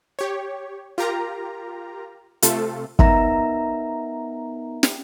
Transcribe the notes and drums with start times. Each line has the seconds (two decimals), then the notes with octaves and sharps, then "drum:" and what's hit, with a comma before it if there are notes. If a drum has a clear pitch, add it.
0.19 G4 C#5
0.98 F4 G4 A#4 A#5
2.42 C3 A3 F4 A4, drum: hi-hat
2.99 B3 D#4 A#4 E5 A#5, drum: kick
4.83 drum: snare